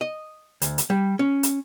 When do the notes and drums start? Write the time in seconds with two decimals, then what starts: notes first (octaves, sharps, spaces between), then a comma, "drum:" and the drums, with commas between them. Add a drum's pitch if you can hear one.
0.01 D#5
0.62 D2, drum: hi-hat
0.78 drum: hi-hat
0.90 G3
1.19 C#4
1.43 drum: hi-hat